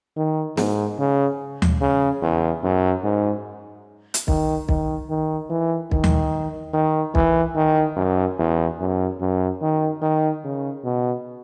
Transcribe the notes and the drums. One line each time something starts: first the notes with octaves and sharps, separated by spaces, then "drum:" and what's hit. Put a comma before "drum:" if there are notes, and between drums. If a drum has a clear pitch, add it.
D#3
G#2, drum: snare
C#3
drum: tom D#2
C#3
E2
F#2
G#2
drum: hi-hat
D#3, drum: kick
D#3, drum: kick
D#3
E3
D#3, drum: kick
drum: tom D#2
D#3
E3, drum: kick
D#3
F#2
E2
F#2
F#2
D#3
D#3
C#3
B2